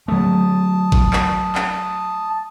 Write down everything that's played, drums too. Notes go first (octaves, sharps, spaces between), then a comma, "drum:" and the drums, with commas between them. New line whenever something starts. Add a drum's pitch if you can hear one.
F#3 A3 A5 D#6
drum: kick G#1
drum: clap
drum: clap